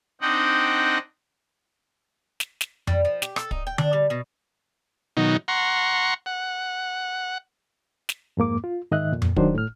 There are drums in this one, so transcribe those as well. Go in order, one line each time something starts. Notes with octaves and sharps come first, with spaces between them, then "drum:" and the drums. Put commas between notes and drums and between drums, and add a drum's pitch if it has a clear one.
C4 D4 D#4 D#5 F#5 G5
drum: snare
drum: snare
G3, drum: tom F2
F3
G4, drum: snare
A4, drum: rim click
D#4, drum: kick
G5
D4, drum: tom D3
G3
B2
B2 D#3 F#3 D#4
F#5 A#5 C6 C#6
F#5
drum: snare
F2 G#2 A#3 D6
F4
G#2 D#3 D#5 E5 F#6
F2 A#2
drum: tom F2
D#3 F#3 D4 C5, drum: kick
A2 F6